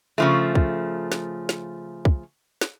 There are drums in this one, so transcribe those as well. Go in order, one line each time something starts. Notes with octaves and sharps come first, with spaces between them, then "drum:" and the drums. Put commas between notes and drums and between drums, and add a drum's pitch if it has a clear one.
C#3 F3 A3
drum: kick
drum: snare
drum: snare
drum: kick
drum: snare